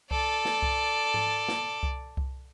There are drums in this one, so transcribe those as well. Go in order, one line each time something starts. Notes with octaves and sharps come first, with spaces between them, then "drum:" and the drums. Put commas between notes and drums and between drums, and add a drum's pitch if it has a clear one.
A4 D5, drum: kick C2
drum: snare
drum: kick C2
drum: tom G#2
drum: snare
drum: kick C2
drum: kick C2